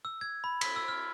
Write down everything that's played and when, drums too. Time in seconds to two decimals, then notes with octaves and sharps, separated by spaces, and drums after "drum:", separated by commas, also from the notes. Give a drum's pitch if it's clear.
0.05 E6
0.21 G#6
0.44 B5
0.61 B6, drum: cymbal
0.76 E6
0.88 F6